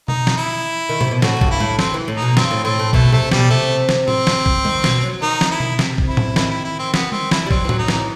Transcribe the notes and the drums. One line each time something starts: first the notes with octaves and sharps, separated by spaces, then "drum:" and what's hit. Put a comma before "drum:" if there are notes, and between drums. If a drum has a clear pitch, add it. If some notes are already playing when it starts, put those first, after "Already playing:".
D#4, drum: tom B2
drum: snare
E4
D#3
C3, drum: tom A2
B2
A2 F#4, drum: snare
A2
G2, drum: kick A#1
E4
A2, drum: tom G3
C4, drum: snare
E3
A2
D#4
B2
G2 C4, drum: snare
A2
A2 C4
A2
B2 A3, drum: kick A#1
C3 A3, drum: tom A2
B2 G3, drum: snare
C3 A3
drum: snare
C4, drum: tom A2
drum: snare
drum: kick A#1
D#3, drum: tom G3
B2, drum: snare
F#3
D#3 D#4
drum: snare
E4
drum: tom B2
C3, drum: snare
drum: kick A#1
E4
drum: tom A2
D#3 E4, drum: snare
E4
E4
C4
B3, drum: snare
C4, drum: tom G3
E4, drum: snare
G3
F#3 C4, drum: kick A#1
E3
F#3, drum: tom A2
D#4
E3, drum: snare